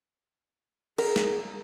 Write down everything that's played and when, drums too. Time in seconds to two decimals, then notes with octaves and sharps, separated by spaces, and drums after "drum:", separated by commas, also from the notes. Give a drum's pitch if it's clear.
0.98 G#4 A#4, drum: cymbal
1.16 drum: snare